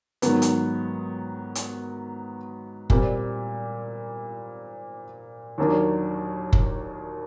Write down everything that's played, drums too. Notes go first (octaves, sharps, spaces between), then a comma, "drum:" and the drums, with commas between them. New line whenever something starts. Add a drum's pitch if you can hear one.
G#2 D#3 F#3 B3, drum: hi-hat
drum: hi-hat
drum: hi-hat
A#2 G3 C4, drum: kick
D#2 D#3 F#3 A#3 D4
drum: kick